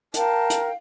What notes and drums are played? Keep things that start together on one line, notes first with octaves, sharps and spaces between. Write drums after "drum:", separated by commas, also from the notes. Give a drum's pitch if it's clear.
A#4 F5 G5 A5, drum: hi-hat
drum: hi-hat